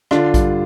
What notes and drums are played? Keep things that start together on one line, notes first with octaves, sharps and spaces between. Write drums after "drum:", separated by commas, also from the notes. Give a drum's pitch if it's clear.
D3 D4 F4, drum: rim click
G2, drum: kick A#1, hi-hat